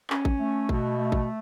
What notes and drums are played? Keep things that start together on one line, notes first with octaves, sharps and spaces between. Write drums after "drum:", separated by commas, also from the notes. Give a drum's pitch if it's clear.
C#4, drum: clap
drum: kick A1
A3
B2, drum: kick A1
A3
drum: kick A1